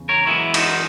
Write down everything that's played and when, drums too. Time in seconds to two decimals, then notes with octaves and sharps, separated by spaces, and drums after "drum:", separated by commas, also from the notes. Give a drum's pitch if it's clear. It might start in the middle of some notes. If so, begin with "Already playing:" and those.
Already playing: E2 C#3
0.09 A#4 C#5
0.26 F#2 E3 G#3 B3 E4
0.54 D#4 F#4, drum: cymbal